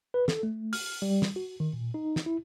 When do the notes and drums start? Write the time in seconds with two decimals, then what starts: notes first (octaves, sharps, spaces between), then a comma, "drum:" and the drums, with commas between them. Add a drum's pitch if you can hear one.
0.14 B4
0.28 A4, drum: snare
0.43 A3
0.73 F6, drum: open hi-hat
1.02 G3
1.22 drum: snare
1.36 F#4
1.60 D#3
1.73 A#2
1.94 D#4
2.16 drum: snare
2.26 E4